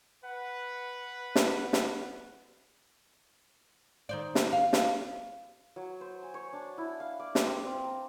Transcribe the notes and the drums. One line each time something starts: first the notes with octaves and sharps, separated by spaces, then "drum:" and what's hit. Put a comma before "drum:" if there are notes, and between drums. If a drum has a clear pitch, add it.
B4 F#5
drum: snare
drum: snare
D#3 C5 D5
drum: snare
F5
drum: snare
F#3
C5
G#5
C#5
D4
E4
F5
D5
drum: snare
C4
C4
A#5